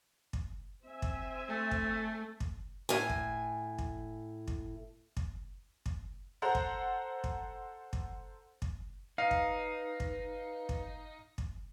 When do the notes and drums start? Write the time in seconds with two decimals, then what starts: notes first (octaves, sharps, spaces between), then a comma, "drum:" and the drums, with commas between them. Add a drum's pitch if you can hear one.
0.33 drum: kick
0.85 C4 E5 G#5
1.02 drum: kick
1.48 A3
1.71 drum: kick
2.40 drum: kick
2.89 A2 G#5
3.09 drum: kick
3.78 drum: kick
4.48 drum: kick
5.17 drum: kick
5.86 drum: kick
6.42 A4 C5 F#5 A#5
6.55 drum: kick
7.24 drum: kick
7.93 drum: kick
8.62 drum: kick
9.18 D#4 B4 F5
9.31 drum: kick
10.00 drum: kick
10.69 drum: kick
11.38 drum: kick